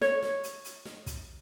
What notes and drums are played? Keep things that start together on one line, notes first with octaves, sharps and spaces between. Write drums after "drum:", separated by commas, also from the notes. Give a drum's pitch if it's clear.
C#5, drum: snare
drum: snare
drum: hi-hat
drum: hi-hat
drum: snare
drum: kick, hi-hat